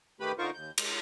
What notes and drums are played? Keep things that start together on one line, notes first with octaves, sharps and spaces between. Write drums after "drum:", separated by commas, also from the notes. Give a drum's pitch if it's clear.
D#3 A3 G4 B4 B5
D3 D#4 F4 A#4 C5 C#6
D#2 G6
G#3, drum: cymbal